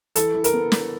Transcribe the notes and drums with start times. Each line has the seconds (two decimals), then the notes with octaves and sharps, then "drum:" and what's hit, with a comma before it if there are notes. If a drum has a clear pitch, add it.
0.16 E3 A4, drum: hi-hat
0.34 E3
0.44 A#4, drum: hi-hat
0.53 B3
0.72 drum: snare